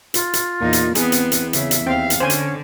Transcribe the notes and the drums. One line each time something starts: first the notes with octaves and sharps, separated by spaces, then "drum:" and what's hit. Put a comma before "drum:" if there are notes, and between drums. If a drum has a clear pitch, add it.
F4, drum: hi-hat
drum: hi-hat
E2 A#2 D#4
drum: hi-hat
E2 B3 C4 G#4 B4, drum: hi-hat
drum: hi-hat
drum: hi-hat
C#3 E5, drum: hi-hat
drum: hi-hat
D#2 C4 F5 G5
drum: hi-hat
D3 C#4 C5 G#5
drum: hi-hat